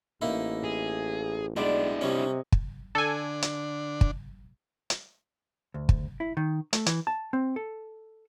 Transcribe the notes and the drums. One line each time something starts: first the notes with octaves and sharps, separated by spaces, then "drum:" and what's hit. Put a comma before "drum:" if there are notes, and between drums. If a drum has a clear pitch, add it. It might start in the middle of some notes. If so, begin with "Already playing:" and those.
A1 A#3 D#4 E4
G#4
B1 G3 G#3 B3 D4 E4 D5
C3 G3 C#4 C#5 D#5
drum: kick
D3 D4 A4 G#5
drum: hi-hat
drum: kick
drum: hi-hat
D2
drum: kick
E4
D#3
A3, drum: hi-hat
E3, drum: hi-hat
A5
C4
A4